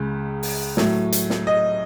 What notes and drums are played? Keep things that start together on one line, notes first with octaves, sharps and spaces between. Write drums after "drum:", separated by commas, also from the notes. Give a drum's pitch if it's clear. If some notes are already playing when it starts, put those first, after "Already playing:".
Already playing: C#2 C#3 G#3
drum: open hi-hat
A2 F#3, drum: snare
drum: hi-hat
drum: snare
D#5